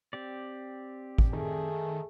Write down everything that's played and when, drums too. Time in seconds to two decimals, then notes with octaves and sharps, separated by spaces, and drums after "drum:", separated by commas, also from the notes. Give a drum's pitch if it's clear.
0.13 C4 G4 D5
1.18 drum: kick
1.33 D#3 A3 G#4